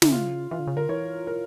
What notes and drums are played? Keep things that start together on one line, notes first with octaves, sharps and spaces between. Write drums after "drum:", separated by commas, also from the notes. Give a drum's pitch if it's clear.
D3 E4, drum: snare
C#3 F4
E3 F4
D3
C#3
D3 A#4
E3 C#5
A#4